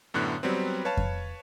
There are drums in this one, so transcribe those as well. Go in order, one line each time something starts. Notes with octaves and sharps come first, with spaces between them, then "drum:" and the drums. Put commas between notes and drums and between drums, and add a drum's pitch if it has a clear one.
F#2 A2 D3 B3 F#6
F#3 G3 B3 C4
B4 C#5 F5 A5
drum: kick F2